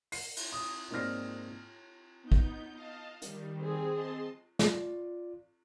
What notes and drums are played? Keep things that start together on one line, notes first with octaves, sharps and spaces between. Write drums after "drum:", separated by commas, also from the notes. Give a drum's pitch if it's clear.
C7, drum: open hi-hat
drum: cymbal
D#6
G#2 A#3 C4 D5 F6 A#6
B3 D#4 G6
drum: kick
D#5 F5 A5
D#3 G3, drum: hi-hat
C4 G#4
D#5 A5 C6
F4 D5, drum: snare